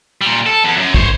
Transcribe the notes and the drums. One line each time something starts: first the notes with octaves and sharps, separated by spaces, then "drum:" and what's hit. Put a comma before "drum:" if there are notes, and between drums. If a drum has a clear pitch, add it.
A#2 G3
A4
E2
F#2
C5 C#5, drum: kick